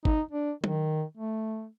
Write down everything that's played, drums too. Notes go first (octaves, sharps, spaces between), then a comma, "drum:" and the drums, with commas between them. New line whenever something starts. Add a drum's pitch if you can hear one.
D#4, drum: kick G#1
D4
D#3, drum: tom
A3